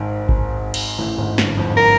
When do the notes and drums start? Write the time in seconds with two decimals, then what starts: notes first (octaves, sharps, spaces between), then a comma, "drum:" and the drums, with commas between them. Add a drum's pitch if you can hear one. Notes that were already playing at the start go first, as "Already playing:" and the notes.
Already playing: G#1 G#2
0.29 drum: kick A1
0.74 drum: cymbal
0.98 A1 A2
1.18 G#1 G#2
1.38 G1 G2, drum: snare
1.58 F2
1.77 A#4